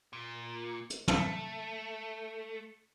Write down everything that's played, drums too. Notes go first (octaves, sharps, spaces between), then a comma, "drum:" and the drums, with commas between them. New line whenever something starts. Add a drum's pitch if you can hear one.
A#2
drum: hi-hat
A3, drum: tom